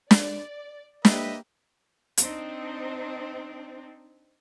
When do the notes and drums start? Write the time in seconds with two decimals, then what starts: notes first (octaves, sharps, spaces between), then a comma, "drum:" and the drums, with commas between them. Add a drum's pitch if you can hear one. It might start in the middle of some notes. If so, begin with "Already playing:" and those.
0.11 D5, drum: snare
1.05 A#3 G4 B4 D#5 E5, drum: snare
2.17 C4 D4 D#4, drum: hi-hat